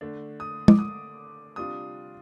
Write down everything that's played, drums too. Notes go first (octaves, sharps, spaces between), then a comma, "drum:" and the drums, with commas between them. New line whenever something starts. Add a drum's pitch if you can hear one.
D3 A3 D4
D#6
D6, drum: tom G#3
D#6
C3 G3 D4 F4 D#6